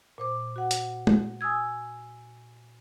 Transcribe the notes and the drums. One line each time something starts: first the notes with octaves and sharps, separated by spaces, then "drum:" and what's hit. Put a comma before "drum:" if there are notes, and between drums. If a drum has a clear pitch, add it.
A#2 C5 D6
F#4 F#5
drum: hi-hat
drum: tom
G#5 D#6 E6 G#6